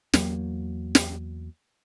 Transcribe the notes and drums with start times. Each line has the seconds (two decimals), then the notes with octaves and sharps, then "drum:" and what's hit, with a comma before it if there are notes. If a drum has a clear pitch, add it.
0.13 E2 F#3 A#3, drum: snare
0.95 drum: snare